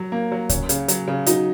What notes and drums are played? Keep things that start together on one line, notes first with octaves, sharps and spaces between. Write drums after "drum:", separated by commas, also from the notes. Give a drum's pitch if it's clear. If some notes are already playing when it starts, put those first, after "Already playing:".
Already playing: F#3
A#3
F#3
C#4, drum: kick C#2, hi-hat
C#3, drum: hi-hat
F#3, drum: hi-hat
C#3
F#3 D#4, drum: hi-hat